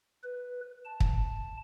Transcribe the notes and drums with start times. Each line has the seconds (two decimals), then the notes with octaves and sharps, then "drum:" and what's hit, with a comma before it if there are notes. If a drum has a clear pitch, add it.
0.24 B4
0.85 A5
1.00 drum: kick